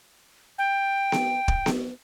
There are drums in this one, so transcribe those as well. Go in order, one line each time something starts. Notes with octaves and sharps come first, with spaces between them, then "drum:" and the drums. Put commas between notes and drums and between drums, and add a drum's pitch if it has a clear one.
G5
drum: snare B3
drum: kick
drum: snare B3